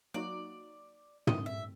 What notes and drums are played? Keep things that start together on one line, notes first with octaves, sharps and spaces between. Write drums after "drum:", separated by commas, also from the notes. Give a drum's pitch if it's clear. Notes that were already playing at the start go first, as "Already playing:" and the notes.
F#3 A#3 D#4 F#4 D5
D#3 G3 C4 D#5, drum: tom
E5